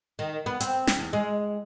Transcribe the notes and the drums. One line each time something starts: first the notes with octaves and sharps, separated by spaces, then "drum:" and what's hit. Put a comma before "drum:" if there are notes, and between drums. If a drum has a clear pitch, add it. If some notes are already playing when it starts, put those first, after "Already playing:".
D#3
B3
C4, drum: hi-hat
drum: snare
E2
G#3